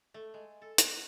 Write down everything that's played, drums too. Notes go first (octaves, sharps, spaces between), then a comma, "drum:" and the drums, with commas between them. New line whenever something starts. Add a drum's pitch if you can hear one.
A3
G#3
A4
F#4, drum: hi-hat